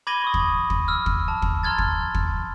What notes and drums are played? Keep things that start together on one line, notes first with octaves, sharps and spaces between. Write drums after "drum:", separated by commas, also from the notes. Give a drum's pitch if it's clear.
B5 D6 G#6 A#6 D#7 G7
C#6 D#6
drum: kick
drum: kick
E6 F6
drum: kick
A5
drum: kick
A#5 C6 F6 G#6 A6
drum: kick
drum: kick